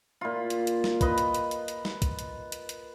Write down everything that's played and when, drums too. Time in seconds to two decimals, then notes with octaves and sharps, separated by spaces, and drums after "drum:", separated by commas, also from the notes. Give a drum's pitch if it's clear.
0.21 A#2 F4
0.50 drum: hi-hat
0.67 drum: hi-hat
0.84 drum: snare
1.01 B4 D#5, drum: kick, hi-hat
1.18 drum: hi-hat
1.34 drum: hi-hat
1.51 drum: hi-hat
1.68 drum: hi-hat
1.85 drum: snare
2.02 drum: kick, hi-hat
2.19 drum: hi-hat
2.52 drum: hi-hat
2.69 drum: hi-hat